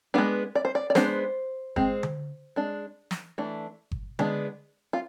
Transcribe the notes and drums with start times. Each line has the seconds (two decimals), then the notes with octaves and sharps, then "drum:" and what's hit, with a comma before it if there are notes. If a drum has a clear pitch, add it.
0.14 G#3 B3 D4 B4
0.55 D5
0.65 C5
0.75 D5
0.90 D5
0.95 G#3 B3 D4 C5, drum: snare
1.76 G#3 C4, drum: kick G1
2.03 drum: tom D3
2.56 G#3 D4
3.11 drum: snare
3.38 E3 A3 D4
3.91 drum: kick G1
4.19 G#3 B3 D4, drum: tom D3
4.93 F4